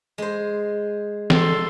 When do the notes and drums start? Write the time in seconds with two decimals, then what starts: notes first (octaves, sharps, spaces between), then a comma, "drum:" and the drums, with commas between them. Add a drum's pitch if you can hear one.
0.18 G#3 C5
1.30 A4 C6, drum: snare